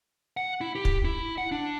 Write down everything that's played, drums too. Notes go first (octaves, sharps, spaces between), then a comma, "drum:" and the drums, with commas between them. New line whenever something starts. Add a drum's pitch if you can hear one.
F#5
E4
G4
drum: kick
E4
F#5
D4